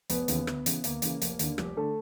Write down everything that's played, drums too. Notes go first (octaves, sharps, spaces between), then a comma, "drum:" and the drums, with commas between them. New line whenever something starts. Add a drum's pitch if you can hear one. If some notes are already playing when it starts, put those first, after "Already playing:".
F1 B3 B4, drum: hi-hat
D#2 C#3 E3, drum: hi-hat
D2, drum: rim click
C#3 E3, drum: hi-hat
D2 A#3 A#4, drum: hi-hat
C#3 E3, drum: hi-hat
F1, drum: hi-hat
D#2 D3, drum: hi-hat
F1 G3 G4, drum: rim click
D3 A3 A4